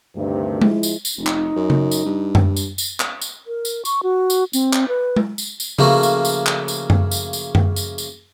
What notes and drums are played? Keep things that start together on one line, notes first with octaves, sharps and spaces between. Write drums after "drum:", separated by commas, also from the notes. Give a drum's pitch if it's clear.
D2 G2 C3 D#3
F3 G#3 E4, drum: tom G#3
drum: tambourine
drum: tambourine
F1 D#4
drum: clap
F#2
drum: tom C#3
drum: tambourine
G2
drum: tom F#2
drum: tambourine
drum: tambourine
drum: clap
drum: tambourine
A#4
drum: tambourine
C#6, drum: tambourine
F#4
drum: tambourine
C4, drum: tambourine
drum: clap
B4
drum: tom G#3
drum: tambourine
drum: tambourine
C#3 F3 A3 A#3 C#4 F#4, drum: tom C#3
drum: tambourine
drum: tambourine
drum: clap
drum: tambourine
drum: tom F#2
drum: tambourine
drum: tambourine
drum: tom F#2
drum: tambourine
drum: tambourine